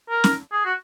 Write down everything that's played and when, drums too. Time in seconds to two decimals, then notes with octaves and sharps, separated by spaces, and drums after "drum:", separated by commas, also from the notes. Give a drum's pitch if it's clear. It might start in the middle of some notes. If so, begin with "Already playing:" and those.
0.10 A#4
0.24 drum: snare
0.52 G#4
0.65 F#4